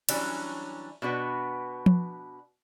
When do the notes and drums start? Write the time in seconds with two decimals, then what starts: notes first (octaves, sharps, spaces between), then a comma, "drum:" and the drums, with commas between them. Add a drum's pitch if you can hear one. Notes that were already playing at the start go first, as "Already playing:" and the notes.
0.09 E3 F#3 G3 C#4 D4, drum: cymbal
1.02 B2 D4 F#4 B4
1.86 drum: tom F3